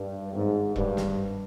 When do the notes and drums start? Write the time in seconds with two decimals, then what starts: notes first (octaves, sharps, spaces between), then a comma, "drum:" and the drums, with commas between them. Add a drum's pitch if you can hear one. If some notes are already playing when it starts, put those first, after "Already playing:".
Already playing: G2
0.33 G#1 G#2
0.76 G2, drum: kick E1
0.97 drum: snare